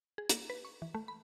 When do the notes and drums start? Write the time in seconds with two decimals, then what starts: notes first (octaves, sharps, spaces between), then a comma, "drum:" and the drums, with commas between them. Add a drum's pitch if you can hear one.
0.18 G#4
0.29 A#3, drum: hi-hat
0.50 B4
0.65 C#6
0.82 E3
0.94 A3
1.08 B5